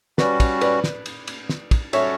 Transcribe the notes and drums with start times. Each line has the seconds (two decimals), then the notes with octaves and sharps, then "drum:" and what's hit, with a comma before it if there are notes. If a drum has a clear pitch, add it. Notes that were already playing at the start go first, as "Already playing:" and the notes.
0.18 G3 C#4 F#4 B4 D5, drum: snare
0.40 drum: kick, cymbal
0.61 B4 D5, drum: cymbal
0.84 drum: snare
1.06 drum: cymbal
1.28 drum: cymbal
1.49 drum: snare
1.71 drum: kick, cymbal
1.93 G3 C#4 F#4 A4 C#5 E5, drum: cymbal